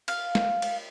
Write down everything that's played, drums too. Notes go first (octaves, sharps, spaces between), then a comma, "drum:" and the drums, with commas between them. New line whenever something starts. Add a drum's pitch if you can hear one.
F5, drum: cymbal
drum: snare
drum: cymbal